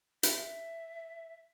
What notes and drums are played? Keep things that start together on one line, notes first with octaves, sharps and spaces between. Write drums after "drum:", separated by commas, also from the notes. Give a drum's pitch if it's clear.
E5, drum: hi-hat